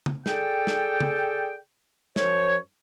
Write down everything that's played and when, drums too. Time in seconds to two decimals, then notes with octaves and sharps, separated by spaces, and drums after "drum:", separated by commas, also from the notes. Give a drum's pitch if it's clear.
0.06 drum: tom
0.26 G#4 A4 D5 G5, drum: snare
0.67 drum: snare
1.00 drum: tom
2.16 F#2 F3 C5 C#5, drum: snare